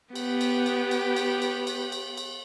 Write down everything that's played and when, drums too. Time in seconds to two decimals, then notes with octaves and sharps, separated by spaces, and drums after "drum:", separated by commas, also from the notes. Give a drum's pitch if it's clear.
0.15 B3 G4, drum: cymbal
0.41 drum: cymbal
0.66 drum: cymbal
0.91 drum: cymbal
1.16 drum: cymbal
1.42 drum: cymbal
1.67 drum: cymbal
1.92 drum: cymbal
2.17 drum: cymbal